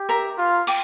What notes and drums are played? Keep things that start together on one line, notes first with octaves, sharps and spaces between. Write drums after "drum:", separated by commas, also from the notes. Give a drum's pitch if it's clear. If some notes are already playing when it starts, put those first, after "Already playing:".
Already playing: G4
A#4 E5 A#5
F4
G5 D6, drum: cymbal